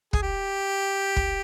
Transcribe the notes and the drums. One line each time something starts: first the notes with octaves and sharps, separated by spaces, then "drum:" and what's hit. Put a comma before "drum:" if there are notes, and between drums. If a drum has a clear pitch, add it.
G#4, drum: kick
G4
drum: kick